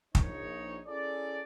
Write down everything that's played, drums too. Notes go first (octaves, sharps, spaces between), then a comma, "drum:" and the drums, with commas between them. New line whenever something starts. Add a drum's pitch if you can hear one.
A#1 D#4 C#5, drum: kick
C#4 E4 G#4 A4 D5